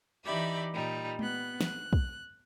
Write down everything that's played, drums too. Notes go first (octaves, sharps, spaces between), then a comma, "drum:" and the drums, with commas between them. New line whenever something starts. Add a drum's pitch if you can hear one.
E3 D#4 G4 D5 E5 B5
A#2 G3 D#4
B3 F#6, drum: tom G#3
F#6, drum: snare
drum: kick